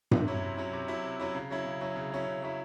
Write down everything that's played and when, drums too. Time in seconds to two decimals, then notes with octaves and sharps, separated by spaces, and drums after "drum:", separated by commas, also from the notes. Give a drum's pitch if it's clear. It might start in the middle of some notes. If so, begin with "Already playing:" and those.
0.11 C3, drum: tom G2
0.27 F#3 C#4 E4
0.42 C3
0.57 F#3 C#4 E4
0.73 C3
0.88 F#3 C#4 E4
1.04 C3
1.20 F#3 C#4 E4
1.35 C#3
1.50 F#3 C#4 E4
1.65 C#3
1.81 F#3 C#4 E4
1.96 C#3
2.12 F#3 C#4 E4
2.27 C#3
2.42 F#3 C#4 E4